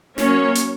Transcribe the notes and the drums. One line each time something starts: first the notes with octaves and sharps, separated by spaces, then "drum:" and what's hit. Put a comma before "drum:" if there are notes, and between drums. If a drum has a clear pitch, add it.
F#3 A#3 C#4 C#5, drum: snare
drum: hi-hat